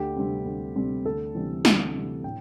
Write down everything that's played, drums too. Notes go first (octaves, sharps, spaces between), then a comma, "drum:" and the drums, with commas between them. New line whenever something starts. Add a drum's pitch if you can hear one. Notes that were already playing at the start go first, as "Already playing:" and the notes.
Already playing: D2 G4
C3 G3 C4
D2
C3 G3 C4
D2 A4
C3 E3 G3 C4
D2, drum: snare
C3 E3 G3 C4
A2 G5